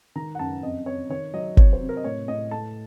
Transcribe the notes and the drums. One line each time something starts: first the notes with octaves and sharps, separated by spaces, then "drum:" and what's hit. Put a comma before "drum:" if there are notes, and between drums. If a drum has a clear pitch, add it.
D#3 A#5
F#5
F#2 A5
F2 D#5
F2 C#5
D#3 C#5
F#3 D#5
C3 C#5, drum: kick G1
C5
C3
A#4
D#5
A2 C#5
A2 D#5
A3 A5